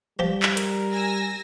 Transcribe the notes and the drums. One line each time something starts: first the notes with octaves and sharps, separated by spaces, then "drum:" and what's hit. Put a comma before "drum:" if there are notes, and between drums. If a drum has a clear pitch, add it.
F3 G3 G4
drum: clap
A#4, drum: hi-hat
G#5 E6 A#6